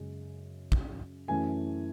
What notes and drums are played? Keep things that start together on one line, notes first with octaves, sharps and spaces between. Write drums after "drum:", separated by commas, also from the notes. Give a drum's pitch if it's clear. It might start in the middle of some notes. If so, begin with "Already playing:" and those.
Already playing: F#2 C#3 G#3
drum: kick
F#2 E3 A3 G#5